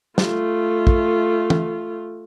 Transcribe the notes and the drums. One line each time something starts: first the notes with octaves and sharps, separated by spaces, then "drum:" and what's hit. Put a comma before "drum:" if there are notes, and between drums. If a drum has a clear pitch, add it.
A3 F4, drum: snare
drum: kick
drum: tom